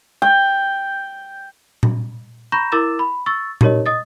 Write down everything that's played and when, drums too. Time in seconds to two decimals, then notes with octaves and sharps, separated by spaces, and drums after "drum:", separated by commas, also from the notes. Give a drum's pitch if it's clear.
0.22 G5
1.83 drum: tom A#2
2.52 A#5 B5 C#6 G6 A#6 E7
2.72 E4 A#4 D6 E6 A6 E7
2.99 B5
3.26 C#6 E6 A6
3.61 D#4 G4 A#4 C#5 D#5, drum: tom A#2
3.86 D#5 D#6 A6